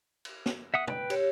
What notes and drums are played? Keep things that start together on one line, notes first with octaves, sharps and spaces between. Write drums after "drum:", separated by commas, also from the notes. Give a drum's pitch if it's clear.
drum: cymbal
drum: snare
E5 F#5 D#6
B4 G5, drum: tom
G4 C#5, drum: cymbal